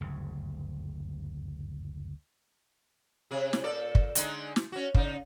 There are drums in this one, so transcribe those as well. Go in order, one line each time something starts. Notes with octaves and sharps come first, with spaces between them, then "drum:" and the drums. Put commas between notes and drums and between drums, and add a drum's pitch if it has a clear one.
F#1 D2 G2 C#3
C3 G#4
drum: snare
A#2 A4 D5
drum: kick
D3 G#3 D#4, drum: hi-hat
drum: snare
C#4 F#4
C#3 D#4, drum: kick